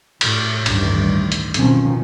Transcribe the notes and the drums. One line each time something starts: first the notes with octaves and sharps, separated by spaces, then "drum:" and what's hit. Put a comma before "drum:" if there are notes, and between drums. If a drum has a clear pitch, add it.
A2, drum: cymbal
A1 D2 G2 D#3, drum: cymbal
drum: hi-hat
B2 D#3 F3 C4 C#4, drum: hi-hat